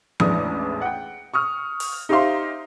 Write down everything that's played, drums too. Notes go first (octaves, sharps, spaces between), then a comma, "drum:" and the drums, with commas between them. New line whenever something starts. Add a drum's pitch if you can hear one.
A1 E2 A2 G#3 D4 D#6, drum: tom F3
F#5 G5
C#6 D#6 F6
drum: open hi-hat
D#4 G4 C5 E5 F5 C6